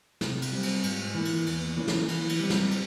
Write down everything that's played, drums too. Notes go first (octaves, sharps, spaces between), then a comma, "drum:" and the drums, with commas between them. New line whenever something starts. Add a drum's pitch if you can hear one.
C3, drum: snare
drum: cymbal
G3 C4
drum: cymbal
G#2, drum: cymbal
E3 A#3
drum: cymbal
E2, drum: cymbal
E3 A#3 C#4
drum: snare
E3, drum: cymbal
drum: cymbal
G3 C4
drum: snare
drum: cymbal